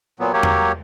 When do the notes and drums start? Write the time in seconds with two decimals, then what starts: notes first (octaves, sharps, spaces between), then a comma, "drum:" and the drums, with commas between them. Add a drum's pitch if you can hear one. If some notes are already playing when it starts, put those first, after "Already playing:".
0.20 A#2 F#3 B3
0.33 F#3 A#3 G4 C#5
0.43 drum: tom E2